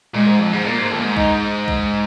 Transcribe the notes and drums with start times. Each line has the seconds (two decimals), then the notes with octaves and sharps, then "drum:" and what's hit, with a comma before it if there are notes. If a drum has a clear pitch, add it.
0.15 A#2 G#3
0.27 G#2
0.40 F2
0.53 G#2
0.65 A#2 A#3
0.78 G#2
0.91 F2
1.00 A#2
1.04 G#2
1.17 D#4, drum: kick B1
1.68 drum: kick B1